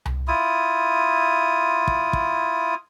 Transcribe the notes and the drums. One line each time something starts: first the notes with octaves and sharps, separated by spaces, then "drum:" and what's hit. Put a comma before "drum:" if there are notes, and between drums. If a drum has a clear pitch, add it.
drum: tom C2
E4 F4 D#6
drum: kick
drum: kick